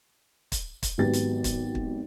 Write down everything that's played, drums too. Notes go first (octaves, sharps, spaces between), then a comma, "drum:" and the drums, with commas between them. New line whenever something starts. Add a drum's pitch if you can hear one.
drum: kick, hi-hat
drum: kick, hi-hat
G#1 F#3 B3 G4 A6
drum: hi-hat
drum: kick, hi-hat
drum: kick